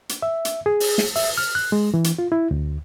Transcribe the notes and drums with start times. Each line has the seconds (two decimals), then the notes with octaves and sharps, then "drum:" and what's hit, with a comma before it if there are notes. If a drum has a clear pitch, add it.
0.09 drum: hi-hat
0.22 E5
0.45 drum: hi-hat
0.66 G#4
0.80 drum: open hi-hat
0.98 drum: snare
1.16 E5, drum: open hi-hat
1.38 F6
1.55 F#6
1.72 G#3
1.94 E3
2.04 drum: hi-hat
2.19 F4
2.32 E4
2.51 D2